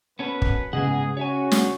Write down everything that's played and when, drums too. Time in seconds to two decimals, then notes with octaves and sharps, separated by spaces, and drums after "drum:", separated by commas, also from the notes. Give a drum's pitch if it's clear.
0.19 F#2 B3 C#4 A4 B4
0.42 drum: kick
0.73 G#2 C#3 B3 G#4 D#5 F#5
1.17 C#4 F#4 C#5 E5 G#5
1.51 drum: snare